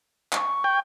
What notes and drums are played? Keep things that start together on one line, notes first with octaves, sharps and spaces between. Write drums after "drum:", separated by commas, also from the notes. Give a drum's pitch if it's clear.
C#6, drum: clap
G5